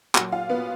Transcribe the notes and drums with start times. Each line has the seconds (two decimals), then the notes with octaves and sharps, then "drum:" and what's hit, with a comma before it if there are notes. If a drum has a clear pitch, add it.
0.15 A#2 F#3 F#4 F#5, drum: clap
0.32 F4 F5
0.50 B3 B4